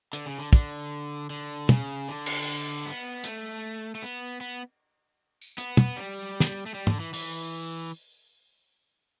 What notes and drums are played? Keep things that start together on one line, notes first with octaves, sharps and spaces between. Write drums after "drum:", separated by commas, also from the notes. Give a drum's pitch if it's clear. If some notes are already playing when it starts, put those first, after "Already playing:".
D3, drum: hi-hat
C#3
D3
D3, drum: kick
D3
C#3, drum: tom
D3
drum: cymbal
B3
A3, drum: hi-hat
A3
B3
B3
drum: tambourine
B3, drum: hi-hat
drum: tom
G3
drum: snare
A3
G3
D3, drum: tom
E3
E3, drum: open hi-hat